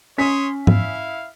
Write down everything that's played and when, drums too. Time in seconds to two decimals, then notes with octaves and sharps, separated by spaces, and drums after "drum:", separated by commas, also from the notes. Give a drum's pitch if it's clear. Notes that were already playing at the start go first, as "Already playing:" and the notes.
0.18 C#4 C#5 C6 D#6 B6
0.67 E4 E5 F5, drum: tom G#2